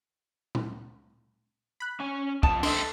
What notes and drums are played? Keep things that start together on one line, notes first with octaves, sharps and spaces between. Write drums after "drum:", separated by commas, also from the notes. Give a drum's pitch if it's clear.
drum: tom
B5 F#6
C#4 G#5
F3 B3 D#5 A5, drum: kick
A3 C4 D4 A4 D#5, drum: cymbal